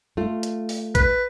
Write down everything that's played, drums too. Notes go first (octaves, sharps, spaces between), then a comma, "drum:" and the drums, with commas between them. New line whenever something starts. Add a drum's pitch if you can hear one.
A3 F4
drum: hi-hat
drum: open hi-hat
B4, drum: kick, hi-hat